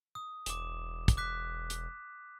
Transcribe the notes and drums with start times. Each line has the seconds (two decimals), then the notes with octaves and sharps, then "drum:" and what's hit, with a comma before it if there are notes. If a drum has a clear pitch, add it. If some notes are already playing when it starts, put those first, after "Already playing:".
0.15 D#6
0.46 E1 D6 E7, drum: hi-hat
1.08 drum: kick, hi-hat
1.17 D6 F#6 B6
1.70 drum: hi-hat